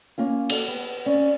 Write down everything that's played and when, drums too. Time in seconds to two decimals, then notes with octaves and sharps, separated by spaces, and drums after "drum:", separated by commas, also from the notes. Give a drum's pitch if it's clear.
0.18 A#3 C#4 F4
0.50 F#4 A4 D5, drum: cymbal
0.68 B3 G4
1.06 C#4 D5